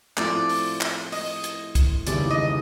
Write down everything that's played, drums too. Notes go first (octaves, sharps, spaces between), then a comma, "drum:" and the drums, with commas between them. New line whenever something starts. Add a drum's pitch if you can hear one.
A2 F3 A3 C4 F4 D5, drum: clap
drum: open hi-hat
drum: clap
D#5, drum: open hi-hat
drum: hi-hat
drum: kick C2, hi-hat
F1 D#2 C#3 E3 G3 D5, drum: hi-hat
D#5